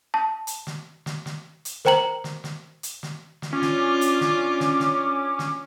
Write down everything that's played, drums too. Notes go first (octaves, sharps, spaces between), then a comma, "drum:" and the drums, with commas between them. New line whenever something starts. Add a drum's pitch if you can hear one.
A5
drum: hi-hat
drum: snare
drum: snare
drum: snare
drum: hi-hat
A#4 C5 G5 A#5 F#7, drum: snare
drum: snare
drum: snare
drum: hi-hat
drum: snare
drum: snare
C#4 D4 F4 D6
drum: snare
drum: hi-hat
drum: snare
drum: snare
drum: snare
drum: snare